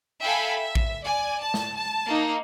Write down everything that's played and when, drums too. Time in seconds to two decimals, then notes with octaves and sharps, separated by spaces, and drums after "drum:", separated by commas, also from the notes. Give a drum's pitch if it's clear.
0.23 A4 E5 F5 G5 G#5 B5
0.61 E5
0.75 drum: kick A1
1.06 D5 G#5
1.42 A5
1.54 drum: snare
1.76 A5
2.08 A#3 D#4